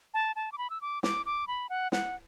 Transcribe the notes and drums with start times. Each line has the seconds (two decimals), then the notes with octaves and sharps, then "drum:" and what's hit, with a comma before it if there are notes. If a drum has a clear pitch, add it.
0.14 A5
0.36 A5
0.52 D6
0.58 B5
0.70 E6
0.81 D6
1.03 D6, drum: snare
1.26 D6
1.48 B5
1.69 F#5
1.92 F#5, drum: snare